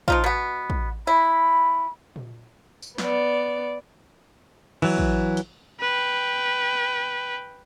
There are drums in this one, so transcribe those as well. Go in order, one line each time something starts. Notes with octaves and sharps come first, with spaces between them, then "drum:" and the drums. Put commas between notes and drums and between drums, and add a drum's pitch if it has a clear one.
F3 D#4 F4, drum: kick
B2 B3
drum: kick
E4 B5
drum: tom A#2
drum: tambourine
B3 D5, drum: snare
E3 F#3, drum: cymbal
drum: kick
drum: hi-hat
B4 G5